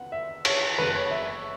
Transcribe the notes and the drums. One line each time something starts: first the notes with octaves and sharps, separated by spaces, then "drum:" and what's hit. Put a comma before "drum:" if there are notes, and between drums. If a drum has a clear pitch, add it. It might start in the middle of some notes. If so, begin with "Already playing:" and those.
Already playing: C#2 B3 F#5
E5
C#5, drum: cymbal
F#1 F#2 C#3 F#3 B3 B4
C#5
E5